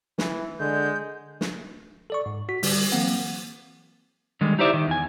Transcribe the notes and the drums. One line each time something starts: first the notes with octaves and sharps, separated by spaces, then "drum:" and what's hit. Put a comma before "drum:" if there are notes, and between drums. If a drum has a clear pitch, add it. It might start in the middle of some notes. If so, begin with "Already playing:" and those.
E3, drum: snare
D3 G#3 G6
drum: snare
A4 D5 C#6
G#2
F#4 B6
D3 G3, drum: open hi-hat
E3 F#3 A#3 C4 F#5
D3 D#3 G3 G#3
D#4 E4 G4 C5 D5 E5
D#3
E2 G#5